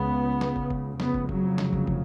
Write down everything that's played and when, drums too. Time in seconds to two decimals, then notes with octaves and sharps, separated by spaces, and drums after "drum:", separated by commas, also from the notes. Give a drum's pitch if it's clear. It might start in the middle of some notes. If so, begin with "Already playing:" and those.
Already playing: C#2 C#3 B3
0.41 drum: snare
0.56 drum: kick
0.70 drum: kick
1.00 F1 F2 C#3 B3, drum: snare
1.14 drum: kick
1.29 F#3, drum: kick
1.58 drum: snare
1.73 drum: kick
1.87 drum: kick